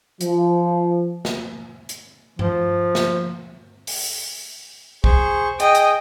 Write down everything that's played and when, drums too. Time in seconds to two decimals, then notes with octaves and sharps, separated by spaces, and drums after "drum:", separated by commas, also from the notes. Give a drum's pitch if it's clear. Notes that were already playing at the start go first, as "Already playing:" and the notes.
0.21 F3, drum: hi-hat
1.25 drum: snare
1.89 drum: hi-hat
2.39 F3, drum: tom G2
2.95 drum: snare
3.87 drum: open hi-hat
5.04 G#4 C5 C#6, drum: kick B1
5.60 G#4 D#5 G5, drum: hi-hat
5.75 drum: hi-hat